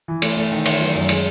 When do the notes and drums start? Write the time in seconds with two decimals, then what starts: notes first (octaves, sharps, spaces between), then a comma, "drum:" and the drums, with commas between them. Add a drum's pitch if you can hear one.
0.08 E3
0.22 A3, drum: cymbal
0.37 A3
0.51 D#3
0.66 D#3, drum: cymbal
0.81 F#3
0.95 F#2
1.09 G#3, drum: cymbal